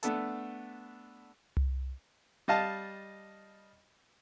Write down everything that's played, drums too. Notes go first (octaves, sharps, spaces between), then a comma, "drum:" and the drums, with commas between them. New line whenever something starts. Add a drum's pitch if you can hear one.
A3 B3 D4 A4 A5, drum: hi-hat
drum: tom C2
G3 D#5 F5 A5